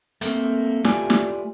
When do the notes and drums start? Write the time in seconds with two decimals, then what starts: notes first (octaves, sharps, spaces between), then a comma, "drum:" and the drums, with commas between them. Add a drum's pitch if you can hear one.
0.21 A3 A#3 C4, drum: hi-hat
0.84 A3 F4 G4 B4 D5 G#5, drum: snare
1.10 drum: snare